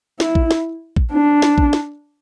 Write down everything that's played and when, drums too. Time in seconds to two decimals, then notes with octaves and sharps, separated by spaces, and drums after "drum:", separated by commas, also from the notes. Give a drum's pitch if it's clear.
0.20 E4, drum: snare
0.35 drum: kick A1
0.51 drum: snare
0.96 drum: kick A1
1.12 D4
1.42 drum: snare
1.58 drum: kick A1
1.73 drum: snare